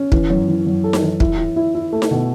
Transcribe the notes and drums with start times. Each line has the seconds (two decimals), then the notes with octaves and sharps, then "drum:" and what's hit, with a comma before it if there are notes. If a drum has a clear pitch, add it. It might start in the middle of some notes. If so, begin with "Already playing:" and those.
Already playing: C#4
0.12 E3, drum: kick
0.30 F#2
0.48 E3
0.66 F#2
0.84 A4
0.93 drum: snare D#4
1.03 E3
1.20 E4, drum: kick
1.38 E4
1.56 E4
1.75 E4
1.93 A3
2.02 drum: snare D#4
2.11 B2